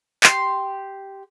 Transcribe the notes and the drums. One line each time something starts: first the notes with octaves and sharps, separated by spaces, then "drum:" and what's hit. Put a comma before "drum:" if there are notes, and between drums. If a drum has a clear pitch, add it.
G4 C6, drum: clap